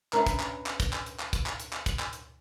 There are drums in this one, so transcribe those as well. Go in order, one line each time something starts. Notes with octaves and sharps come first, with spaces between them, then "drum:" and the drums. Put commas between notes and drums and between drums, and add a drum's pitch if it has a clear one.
C#4 D4 A#4 B4 E5 A#5, drum: clap
drum: kick, hi-hat
drum: clap
drum: clap
drum: kick, hi-hat
drum: clap
drum: hi-hat
drum: clap
drum: kick, hi-hat
drum: clap
drum: hi-hat
drum: clap
drum: kick, hi-hat
drum: clap
drum: hi-hat